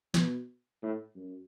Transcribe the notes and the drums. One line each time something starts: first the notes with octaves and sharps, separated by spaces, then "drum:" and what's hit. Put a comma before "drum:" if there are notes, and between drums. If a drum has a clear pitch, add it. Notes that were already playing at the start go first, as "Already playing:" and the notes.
B2, drum: snare
A2
F#2